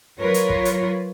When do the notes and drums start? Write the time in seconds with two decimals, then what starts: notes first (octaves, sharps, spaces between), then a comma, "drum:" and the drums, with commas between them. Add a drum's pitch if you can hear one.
0.19 F#3 F4 A#4 B4 C#5
0.34 drum: hi-hat
0.50 drum: kick
0.65 drum: hi-hat